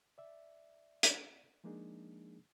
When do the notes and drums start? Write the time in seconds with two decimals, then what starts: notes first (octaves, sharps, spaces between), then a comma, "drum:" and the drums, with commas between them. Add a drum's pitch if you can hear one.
0.18 D5 E5
1.03 drum: hi-hat
1.64 F3 G#3 A#3 D4 D#4 G#4